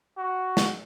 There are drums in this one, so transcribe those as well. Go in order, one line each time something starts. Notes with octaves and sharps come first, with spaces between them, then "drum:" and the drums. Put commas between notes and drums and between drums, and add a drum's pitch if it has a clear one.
F#4
drum: snare